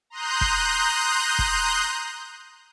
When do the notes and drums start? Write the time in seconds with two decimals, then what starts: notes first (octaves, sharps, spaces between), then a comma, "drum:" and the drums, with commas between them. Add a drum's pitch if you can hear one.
0.10 A#5 C6 D#6 F#6 G6
0.41 drum: kick F1
1.39 drum: kick F1